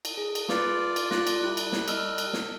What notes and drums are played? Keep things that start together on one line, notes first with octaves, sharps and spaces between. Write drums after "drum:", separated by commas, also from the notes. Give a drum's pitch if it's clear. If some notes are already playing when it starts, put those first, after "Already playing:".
drum: cymbal
G#4
drum: cymbal
F4 B4 D5, drum: snare
drum: cymbal
F4 D5 F#6, drum: snare
drum: cymbal
G3 E4 F#6
drum: cymbal
drum: snare
D#5 E6 F6, drum: cymbal
drum: cymbal
drum: snare